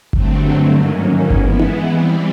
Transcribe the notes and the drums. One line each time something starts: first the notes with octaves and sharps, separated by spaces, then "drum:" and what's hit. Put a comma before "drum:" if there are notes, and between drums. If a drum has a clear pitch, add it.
G2 D3 F#3 A3 C4, drum: kick G1
G#2 D#3 F#3 A#3 C#4
E3 G#3 B3 E4, drum: kick G1
drum: tom D#4
E3 G3 C4